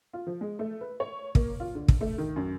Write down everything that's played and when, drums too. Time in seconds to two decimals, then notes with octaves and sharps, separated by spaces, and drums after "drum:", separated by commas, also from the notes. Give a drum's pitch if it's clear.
0.13 F4
0.27 F3
0.41 G#3
0.59 A3
0.81 B4
1.00 C#5
1.35 A#3, drum: kick
1.60 F4
1.75 D3
1.88 drum: kick
2.01 A3
2.18 D#3
2.36 F#2